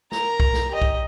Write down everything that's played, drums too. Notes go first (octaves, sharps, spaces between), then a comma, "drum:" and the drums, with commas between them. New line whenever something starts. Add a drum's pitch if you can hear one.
A#4 A#5, drum: snare
drum: kick B1
drum: snare
G4 D#5
drum: kick B1